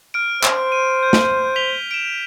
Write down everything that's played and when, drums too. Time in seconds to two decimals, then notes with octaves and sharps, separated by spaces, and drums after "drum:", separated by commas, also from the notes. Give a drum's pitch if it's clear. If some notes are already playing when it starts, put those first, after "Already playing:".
0.14 F6 D7
0.43 C5, drum: clap
0.72 D#7
1.03 G6
1.13 drum: snare
1.56 B6 F7 G7
1.91 D7 E7